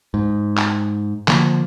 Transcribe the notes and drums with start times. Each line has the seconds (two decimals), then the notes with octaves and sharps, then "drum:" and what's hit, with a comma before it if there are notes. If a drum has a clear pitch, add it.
0.14 G#2
0.57 drum: clap
1.28 D3 F3 A#3, drum: clap